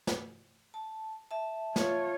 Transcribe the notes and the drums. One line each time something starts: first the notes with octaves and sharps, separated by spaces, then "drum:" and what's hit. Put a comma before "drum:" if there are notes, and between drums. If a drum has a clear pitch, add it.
drum: snare
A5
E5 A5
F4 C#5, drum: snare